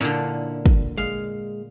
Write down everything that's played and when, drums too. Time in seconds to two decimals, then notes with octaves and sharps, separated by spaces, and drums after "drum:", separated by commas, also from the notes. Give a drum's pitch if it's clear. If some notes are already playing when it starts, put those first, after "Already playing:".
0.01 A#2 D3 C#4 E4
0.66 drum: kick
0.97 G#3 F5